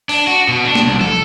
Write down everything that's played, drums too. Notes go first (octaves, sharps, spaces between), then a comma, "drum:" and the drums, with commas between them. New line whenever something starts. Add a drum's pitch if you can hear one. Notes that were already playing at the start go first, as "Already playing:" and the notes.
D4, drum: open hi-hat
F#4
B2
D4
drum: snare
C2
A4, drum: tom F3